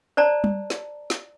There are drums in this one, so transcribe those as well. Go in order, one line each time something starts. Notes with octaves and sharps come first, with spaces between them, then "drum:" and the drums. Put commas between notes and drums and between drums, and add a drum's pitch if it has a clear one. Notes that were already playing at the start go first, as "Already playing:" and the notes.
C5 D5 A5 A#5
drum: tom G3
drum: snare
drum: snare